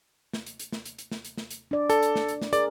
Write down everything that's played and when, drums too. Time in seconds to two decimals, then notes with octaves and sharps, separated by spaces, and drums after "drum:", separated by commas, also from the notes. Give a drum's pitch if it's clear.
0.33 drum: snare
0.46 drum: hi-hat
0.59 drum: hi-hat
0.73 drum: snare
0.86 drum: hi-hat
0.99 drum: hi-hat
1.12 drum: snare
1.25 drum: hi-hat
1.38 drum: snare
1.51 drum: hi-hat
1.71 D4 D5
1.90 A4, drum: hi-hat
2.03 drum: hi-hat
2.16 drum: snare
2.29 drum: hi-hat
2.42 drum: snare
2.53 G#4 A#4 D5, drum: hi-hat